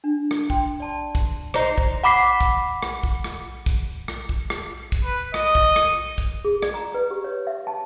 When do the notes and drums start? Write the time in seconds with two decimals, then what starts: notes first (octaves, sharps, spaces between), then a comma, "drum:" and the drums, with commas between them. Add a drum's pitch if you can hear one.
0.04 D4
0.31 drum: rim click
0.50 G5 C6, drum: kick
0.80 D5 A5 C6
1.15 drum: kick, hi-hat
1.54 D#4 C5, drum: rim click
1.78 drum: kick
2.04 F#5 B5 D6 B6 C7
2.41 drum: kick, hi-hat
2.82 drum: rim click
3.03 drum: kick
3.24 drum: rim click
3.66 drum: kick, hi-hat
4.08 drum: rim click
4.29 drum: kick
4.50 drum: rim click
4.92 drum: kick, hi-hat
5.04 B4
5.34 D#5, drum: rim click
5.55 drum: kick
5.76 drum: rim click
6.18 drum: kick, hi-hat
6.45 G#4
6.62 D5, drum: rim click
6.74 A#5
6.94 B4
7.11 G4
7.24 C#5
7.47 E5
7.67 A5